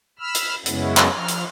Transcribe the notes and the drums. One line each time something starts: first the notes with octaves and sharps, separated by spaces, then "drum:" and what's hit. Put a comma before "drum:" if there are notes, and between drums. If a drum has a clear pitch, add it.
B5 E6 F6
drum: hi-hat
F#2 C#3 G#3 B3 C#4 E4, drum: hi-hat
drum: clap
F3 F6
drum: hi-hat